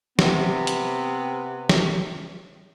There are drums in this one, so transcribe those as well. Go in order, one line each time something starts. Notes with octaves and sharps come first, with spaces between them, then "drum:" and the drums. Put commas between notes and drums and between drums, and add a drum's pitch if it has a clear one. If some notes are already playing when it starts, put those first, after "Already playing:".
C3 B3, drum: snare
drum: hi-hat
drum: snare